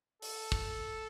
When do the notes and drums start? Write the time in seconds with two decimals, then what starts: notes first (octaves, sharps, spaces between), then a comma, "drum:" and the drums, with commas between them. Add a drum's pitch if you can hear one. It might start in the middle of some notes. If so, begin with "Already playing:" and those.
0.22 A4, drum: open hi-hat
0.52 drum: kick